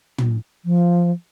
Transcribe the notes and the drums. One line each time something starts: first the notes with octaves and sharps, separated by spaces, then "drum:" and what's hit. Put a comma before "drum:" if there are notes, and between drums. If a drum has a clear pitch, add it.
drum: tom
F3